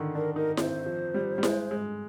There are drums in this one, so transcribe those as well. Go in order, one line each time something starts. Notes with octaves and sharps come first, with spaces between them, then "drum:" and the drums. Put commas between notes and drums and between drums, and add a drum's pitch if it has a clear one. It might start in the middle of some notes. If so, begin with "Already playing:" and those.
Already playing: D3 D#3
D4 A#4
D#4 A#4
C4 C5, drum: snare E4
F3
G3
G3
G#3, drum: snare E4
G#3